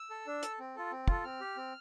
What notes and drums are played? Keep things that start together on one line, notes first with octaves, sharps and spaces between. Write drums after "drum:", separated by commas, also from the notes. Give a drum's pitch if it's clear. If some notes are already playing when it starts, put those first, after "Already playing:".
Already playing: E6
A4
D4
A4, drum: hi-hat
C4
F4 A4
C4
F4 A4, drum: kick
C4 F6
G4
C4